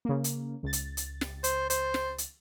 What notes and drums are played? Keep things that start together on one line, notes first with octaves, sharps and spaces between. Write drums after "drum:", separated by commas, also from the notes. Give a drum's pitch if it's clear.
C#3 A#3
drum: hi-hat
C#2 A6
drum: hi-hat
drum: hi-hat
drum: snare
C5, drum: hi-hat
C5, drum: hi-hat
drum: snare
drum: hi-hat